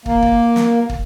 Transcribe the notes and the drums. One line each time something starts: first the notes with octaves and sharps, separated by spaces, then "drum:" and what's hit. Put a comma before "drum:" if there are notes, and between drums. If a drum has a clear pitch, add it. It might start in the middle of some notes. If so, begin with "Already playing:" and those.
A#3, drum: kick
drum: kick
drum: snare
drum: kick